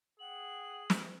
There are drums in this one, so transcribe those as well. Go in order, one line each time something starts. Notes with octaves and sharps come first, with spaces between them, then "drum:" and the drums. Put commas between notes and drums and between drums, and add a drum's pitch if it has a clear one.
G#4 F#5 G5 F#7
drum: snare